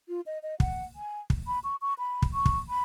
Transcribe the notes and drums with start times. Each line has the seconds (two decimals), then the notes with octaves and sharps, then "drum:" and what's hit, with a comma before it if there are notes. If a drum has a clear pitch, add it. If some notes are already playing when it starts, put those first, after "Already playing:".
0.09 F4
0.26 D#5
0.43 D#5
0.60 F#5, drum: kick
0.96 G#5
1.30 drum: kick
1.47 B5
1.64 C#6
1.82 C#6
1.99 B5
2.22 drum: kick
2.34 C#6
2.46 drum: kick
2.69 B5